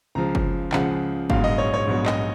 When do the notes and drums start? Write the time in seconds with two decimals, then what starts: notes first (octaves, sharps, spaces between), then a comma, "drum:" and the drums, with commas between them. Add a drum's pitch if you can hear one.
0.15 C#2 C#3 F3 A#5
0.35 drum: kick F#1
0.72 C#2 C#3 F3 F#5, drum: clap
1.30 A#1 G#2 F#3 B3 F5, drum: kick F#1
1.44 D#5
1.58 C#5
1.74 C#5
1.87 A#1 G#2 F#3 B3
2.06 D#5, drum: clap